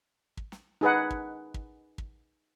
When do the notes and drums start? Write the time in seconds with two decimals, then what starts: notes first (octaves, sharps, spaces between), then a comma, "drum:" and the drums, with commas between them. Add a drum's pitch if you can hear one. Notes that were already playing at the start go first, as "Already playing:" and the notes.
0.37 drum: kick
0.52 drum: snare
0.81 D#4 G#4 B4 F#5
1.10 drum: kick
1.54 drum: kick
1.98 drum: kick